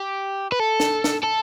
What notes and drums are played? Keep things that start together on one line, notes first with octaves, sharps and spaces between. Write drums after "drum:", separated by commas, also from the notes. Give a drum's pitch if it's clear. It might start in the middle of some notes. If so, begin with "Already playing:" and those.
Already playing: G4
B4
A4
drum: snare
drum: snare
A4